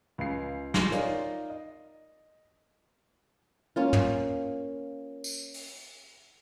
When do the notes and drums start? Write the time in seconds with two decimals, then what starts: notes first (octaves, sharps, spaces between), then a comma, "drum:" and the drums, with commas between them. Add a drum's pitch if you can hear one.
0.18 C#2 C#3 C7
0.74 G#5 C6 A#6 C7, drum: snare
0.92 D#4 F4 A#4 C#5 D5, drum: hi-hat
1.50 D#5
3.76 A#3 C#4 F4
3.93 drum: tom
5.24 drum: tambourine
5.54 drum: open hi-hat